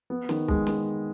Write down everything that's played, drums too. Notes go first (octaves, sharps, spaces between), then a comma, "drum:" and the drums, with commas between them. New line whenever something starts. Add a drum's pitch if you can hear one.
B3
D#3, drum: snare
G#3, drum: kick
drum: snare